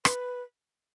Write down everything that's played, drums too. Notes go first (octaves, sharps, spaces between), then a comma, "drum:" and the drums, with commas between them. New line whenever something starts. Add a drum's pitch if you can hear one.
B4, drum: rim click